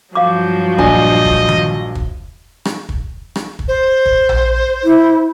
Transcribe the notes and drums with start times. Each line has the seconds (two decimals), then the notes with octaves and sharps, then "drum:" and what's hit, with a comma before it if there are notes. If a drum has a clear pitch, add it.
0.15 G2 F3 F#3 F5 D6
0.78 A#1 D4 D#5 G#5, drum: kick
1.25 drum: kick
1.49 drum: tom D#3
1.95 drum: kick
2.65 drum: rim click
2.89 drum: kick
3.36 drum: rim click
3.59 drum: kick
3.68 C5
4.06 drum: kick
4.29 drum: tom A#1
4.84 E4